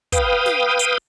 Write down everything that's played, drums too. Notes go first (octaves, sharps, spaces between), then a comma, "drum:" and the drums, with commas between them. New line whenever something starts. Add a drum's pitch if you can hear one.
B4 F5 G5 D#6, drum: kick, hi-hat
drum: snare
drum: hi-hat